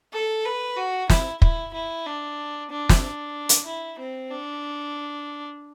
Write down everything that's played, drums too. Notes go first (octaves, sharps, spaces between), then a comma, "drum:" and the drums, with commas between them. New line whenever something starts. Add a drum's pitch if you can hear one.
A4
B4
F#4
E4, drum: snare
E4, drum: kick
E4
D4
D4
drum: snare
D4
drum: hi-hat
E4
C4
D4